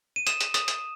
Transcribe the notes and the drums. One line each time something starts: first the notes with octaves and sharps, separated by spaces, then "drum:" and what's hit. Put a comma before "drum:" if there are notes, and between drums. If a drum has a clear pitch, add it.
D#7
D#6 E7, drum: hi-hat
drum: hi-hat
D#6, drum: hi-hat
drum: hi-hat